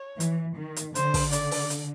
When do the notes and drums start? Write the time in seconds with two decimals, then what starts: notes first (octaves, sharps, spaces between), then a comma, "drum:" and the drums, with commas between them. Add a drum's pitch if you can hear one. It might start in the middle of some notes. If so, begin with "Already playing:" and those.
Already playing: C#5
0.20 E3, drum: hi-hat
0.58 D#3
0.76 drum: hi-hat
0.95 D3 C5, drum: hi-hat
1.14 drum: kick, open hi-hat
1.32 D5, drum: hi-hat
1.51 drum: open hi-hat
1.70 drum: hi-hat